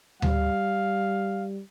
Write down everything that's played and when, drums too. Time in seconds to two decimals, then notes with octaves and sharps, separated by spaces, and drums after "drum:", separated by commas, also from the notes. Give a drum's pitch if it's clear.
0.22 G3 F5, drum: tom D2